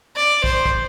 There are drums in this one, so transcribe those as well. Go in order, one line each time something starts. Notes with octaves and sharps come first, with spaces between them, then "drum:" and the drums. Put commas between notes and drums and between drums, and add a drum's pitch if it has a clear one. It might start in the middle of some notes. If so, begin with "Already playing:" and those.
D5
C5, drum: kick
drum: kick